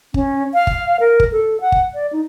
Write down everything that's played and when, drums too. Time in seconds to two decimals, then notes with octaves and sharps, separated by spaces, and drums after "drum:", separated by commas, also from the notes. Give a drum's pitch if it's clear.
0.14 C#4, drum: kick G1
0.54 F5
0.67 drum: kick G1
1.00 A#4
1.20 drum: kick G1
1.32 A4
1.61 F#5
1.72 drum: kick G1
1.94 D5
2.13 D#4